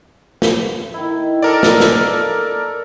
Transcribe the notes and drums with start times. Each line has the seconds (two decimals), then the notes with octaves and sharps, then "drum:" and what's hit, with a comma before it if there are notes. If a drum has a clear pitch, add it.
0.42 drum: snare
0.94 D#3 E4
1.42 A4 A#4 D5 D6
1.63 drum: snare
1.80 drum: snare